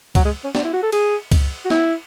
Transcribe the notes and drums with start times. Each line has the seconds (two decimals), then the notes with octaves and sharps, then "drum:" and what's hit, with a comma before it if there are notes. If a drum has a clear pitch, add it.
0.15 F#3, drum: kick C#2, cymbal
0.25 G#3
0.44 C#4
0.55 D4, drum: snare
0.64 E4
0.73 F#4
0.83 A4
0.92 G#4, drum: cymbal
1.32 drum: kick C#2, cymbal
1.65 F#4
1.70 E4, drum: snare